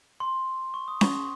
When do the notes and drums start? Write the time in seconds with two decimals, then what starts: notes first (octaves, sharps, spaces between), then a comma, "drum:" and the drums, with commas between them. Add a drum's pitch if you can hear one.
0.20 C6
0.74 C#6
0.88 D#6
1.01 C#6, drum: snare C#4
1.14 C6